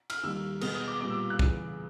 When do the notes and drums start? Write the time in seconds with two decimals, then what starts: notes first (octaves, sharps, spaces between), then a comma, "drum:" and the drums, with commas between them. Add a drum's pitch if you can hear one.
0.10 F6, drum: cymbal
0.23 D#2 D#3 G3 E6
0.61 B2 G#3 B3 D#6, drum: cymbal
0.74 D#6
0.87 D6
1.00 A#2 G3 B3 D6
1.10 E6
1.30 F#6
1.39 E2 C#3 E3, drum: kick